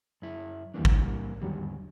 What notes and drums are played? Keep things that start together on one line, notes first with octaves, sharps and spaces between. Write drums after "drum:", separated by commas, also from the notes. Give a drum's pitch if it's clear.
F#2 E4
D#2 E3 G3 A#3 D4
drum: kick
D#2 G#2 D3 F#3 G3